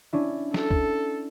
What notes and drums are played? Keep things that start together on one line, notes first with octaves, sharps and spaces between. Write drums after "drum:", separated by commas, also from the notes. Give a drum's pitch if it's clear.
C#4 D4 E4
A4, drum: snare
drum: kick